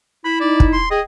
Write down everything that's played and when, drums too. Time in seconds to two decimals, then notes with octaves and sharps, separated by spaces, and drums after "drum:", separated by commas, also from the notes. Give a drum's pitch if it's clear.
0.25 E4 B5
0.40 D#4 D5
0.60 drum: kick
0.73 C6
0.91 G#4 D#5 G5